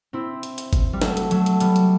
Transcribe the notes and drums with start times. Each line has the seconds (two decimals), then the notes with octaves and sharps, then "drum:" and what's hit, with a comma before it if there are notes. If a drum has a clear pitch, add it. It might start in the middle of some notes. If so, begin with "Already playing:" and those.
0.13 C4 E4
0.43 drum: hi-hat
0.58 drum: hi-hat
0.73 drum: kick G1, hi-hat
0.93 G3
1.02 F#3 A3, drum: snare
1.17 drum: hi-hat
1.31 F#3 A3, drum: hi-hat
1.46 drum: hi-hat
1.60 G3 B3, drum: hi-hat
1.76 drum: hi-hat